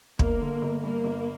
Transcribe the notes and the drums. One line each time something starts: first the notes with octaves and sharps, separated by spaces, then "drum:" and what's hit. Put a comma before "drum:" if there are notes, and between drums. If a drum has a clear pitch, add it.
G1 A#3, drum: kick
D3
G1
G2 A#3
G1